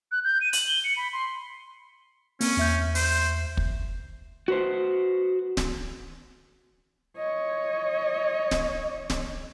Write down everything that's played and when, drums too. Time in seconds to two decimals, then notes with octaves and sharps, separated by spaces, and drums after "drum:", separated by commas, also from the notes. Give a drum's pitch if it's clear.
0.12 F#6
0.24 G6
0.41 D#7
0.53 F#7, drum: hi-hat
0.68 G7
0.84 C#7
0.97 B5
1.13 C6
2.41 A#3 C4 C#4, drum: open hi-hat
2.57 E2 E5 G6
2.95 C5, drum: open hi-hat
3.57 drum: kick
4.48 F#4 B4 C5
5.57 drum: snare D1
7.17 C#5 D#5
8.51 drum: snare D1
9.10 drum: snare D1